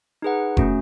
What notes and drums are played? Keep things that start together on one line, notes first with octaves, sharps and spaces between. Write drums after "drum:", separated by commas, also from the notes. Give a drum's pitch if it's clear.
D#4 G#4 B4 F#5
A3 C#4 F#4, drum: kick F1